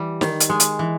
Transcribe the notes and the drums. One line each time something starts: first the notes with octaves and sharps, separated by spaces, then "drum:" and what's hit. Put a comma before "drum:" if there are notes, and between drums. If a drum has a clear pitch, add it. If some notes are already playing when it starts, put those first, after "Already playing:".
Already playing: E3 G3
D#3, drum: snare
drum: hi-hat
G#3
drum: hi-hat
E3